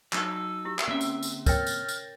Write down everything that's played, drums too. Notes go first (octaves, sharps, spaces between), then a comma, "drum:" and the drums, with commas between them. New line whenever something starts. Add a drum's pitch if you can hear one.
F#3 D#4 A4 E6, drum: clap
E4 G4
drum: clap
D3 A#3 C4 C#4 E5
drum: tambourine
drum: tambourine
A#4 C#5 G5 F6 G6 A6 A#6, drum: kick, tambourine
drum: tambourine
drum: tambourine